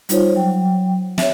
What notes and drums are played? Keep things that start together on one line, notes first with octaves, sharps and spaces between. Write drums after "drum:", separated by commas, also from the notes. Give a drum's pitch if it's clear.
G3 D#4 F4 C5 C#5, drum: hi-hat
F#3 G5
C#5 E5, drum: snare